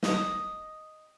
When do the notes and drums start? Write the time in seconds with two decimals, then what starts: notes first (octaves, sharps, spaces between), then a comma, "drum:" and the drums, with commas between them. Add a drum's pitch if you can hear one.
0.03 D#5 D#6, drum: snare